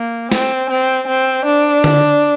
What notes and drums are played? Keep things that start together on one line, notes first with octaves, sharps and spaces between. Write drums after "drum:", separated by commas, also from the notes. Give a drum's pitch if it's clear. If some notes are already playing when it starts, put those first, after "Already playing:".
Already playing: A#3
C4, drum: snare
C4
C4
D4
drum: tom D3